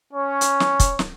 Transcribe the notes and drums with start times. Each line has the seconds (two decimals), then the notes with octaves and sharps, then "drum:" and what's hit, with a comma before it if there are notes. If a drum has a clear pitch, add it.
0.12 C#4 C#5
0.41 drum: hi-hat
0.60 drum: snare
0.80 drum: kick, hi-hat
0.99 drum: snare